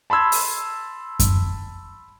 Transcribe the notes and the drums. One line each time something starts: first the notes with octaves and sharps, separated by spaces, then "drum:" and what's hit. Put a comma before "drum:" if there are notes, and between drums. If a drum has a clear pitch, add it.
A5 B5 C6 E6 G#6
drum: open hi-hat
drum: kick F#2, hi-hat